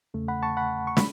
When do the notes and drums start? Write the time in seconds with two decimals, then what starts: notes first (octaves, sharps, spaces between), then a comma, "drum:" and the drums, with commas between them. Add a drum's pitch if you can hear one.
0.14 E2 C#3 A3
0.28 F#5 B5
0.43 A5 C#6
0.57 F#5 B5
0.87 C#6
0.97 B5, drum: snare